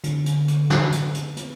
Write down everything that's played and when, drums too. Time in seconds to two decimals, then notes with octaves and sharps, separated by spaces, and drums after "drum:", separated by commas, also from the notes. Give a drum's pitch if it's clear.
0.04 D3, drum: hi-hat
0.26 drum: hi-hat
0.48 drum: hi-hat
0.70 drum: snare
0.92 drum: hi-hat
1.14 drum: hi-hat
1.37 drum: hi-hat